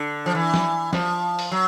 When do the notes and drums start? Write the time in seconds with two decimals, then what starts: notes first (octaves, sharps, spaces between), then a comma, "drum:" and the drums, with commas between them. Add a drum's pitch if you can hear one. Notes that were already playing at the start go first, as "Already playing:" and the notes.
Already playing: D3
0.26 F3
0.35 E3
0.54 drum: snare
0.93 F3, drum: snare
1.39 drum: open hi-hat
1.52 F#3